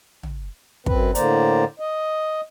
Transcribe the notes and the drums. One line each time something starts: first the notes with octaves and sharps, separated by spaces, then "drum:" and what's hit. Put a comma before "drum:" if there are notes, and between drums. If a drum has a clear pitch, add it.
drum: tom
F#2 C4 B4, drum: kick
A2 D3 A#3 C5 D5 A#5, drum: hi-hat
D#5